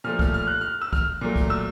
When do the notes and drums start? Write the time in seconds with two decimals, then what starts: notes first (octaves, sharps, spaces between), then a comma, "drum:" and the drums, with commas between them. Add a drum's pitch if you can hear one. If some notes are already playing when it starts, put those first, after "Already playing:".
0.04 A#2 F3 A3 F6
0.19 F6, drum: kick
0.34 F6
0.47 F#6
0.61 F6
0.81 E6
0.93 F6, drum: kick
1.21 A#2 F#3 A3
1.36 drum: kick
1.50 E6